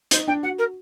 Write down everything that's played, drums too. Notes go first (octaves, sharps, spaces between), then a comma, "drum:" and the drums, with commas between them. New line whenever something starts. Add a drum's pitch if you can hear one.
D#4 C5, drum: hi-hat
D4 G5
F#4 F#5
A#4